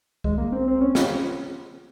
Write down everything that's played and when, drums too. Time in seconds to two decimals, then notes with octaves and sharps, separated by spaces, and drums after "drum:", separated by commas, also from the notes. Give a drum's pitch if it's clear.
0.24 G#3, drum: kick C2
0.38 A#3
0.52 C4
0.67 C4
0.81 C#4
0.95 F4, drum: snare